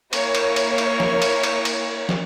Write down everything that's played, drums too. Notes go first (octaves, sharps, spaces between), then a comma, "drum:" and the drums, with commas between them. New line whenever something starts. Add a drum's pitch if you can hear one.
A#3 E4 C#5, drum: cymbal
drum: cymbal
drum: cymbal
drum: cymbal
drum: snare
drum: cymbal
drum: cymbal
drum: cymbal
drum: snare